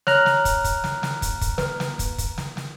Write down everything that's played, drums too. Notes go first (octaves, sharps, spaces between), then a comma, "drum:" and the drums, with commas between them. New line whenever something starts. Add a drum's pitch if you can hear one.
C#5 A#5 F6 F#6, drum: snare
drum: snare
drum: kick, hi-hat
drum: kick, hi-hat
drum: snare
drum: snare
drum: kick, hi-hat
drum: kick, hi-hat
B4, drum: snare
drum: snare
drum: kick, hi-hat
drum: kick, hi-hat
drum: snare
drum: snare